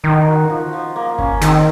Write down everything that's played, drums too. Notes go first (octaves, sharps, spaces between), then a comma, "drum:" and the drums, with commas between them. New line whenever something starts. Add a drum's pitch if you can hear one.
D#3 D#4
F#4
F3
F3
A#3
C#4, drum: kick G1
D#3 C4, drum: snare